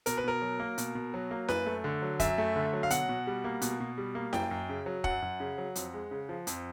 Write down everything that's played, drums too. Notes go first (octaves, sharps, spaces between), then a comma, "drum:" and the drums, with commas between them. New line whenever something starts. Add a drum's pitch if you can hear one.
B2 A#4, drum: hi-hat
B4
B2 A#4
F#3
A#3
B2, drum: hi-hat
B2
F#3
A#3
F#2 B4, drum: snare E4
A3
D3
F#3
F#2 E5, drum: kick, hi-hat
A3
D3
F#3
F5
B2 F#5, drum: hi-hat
B2
G3
A#3
B2, drum: hi-hat
B2
G3
A#3
F#2 G5, drum: snare E4
F#2
C#3
F#3
F#2 F#5, drum: kick
F#2
C#3
F#3
F2, drum: hi-hat
G#3
C#3
F3
F2, drum: hi-hat